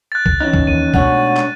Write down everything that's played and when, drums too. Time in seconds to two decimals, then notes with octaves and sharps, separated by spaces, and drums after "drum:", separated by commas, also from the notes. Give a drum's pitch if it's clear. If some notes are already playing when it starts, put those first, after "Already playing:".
0.12 F#6 A6
0.26 drum: kick C2
0.40 E3 C#4 D#4 F#6
0.53 drum: kick C2
0.67 D#2 D#7
0.94 G#2 B2 A3 D4 C#5 F#5, drum: kick C2
1.37 drum: clap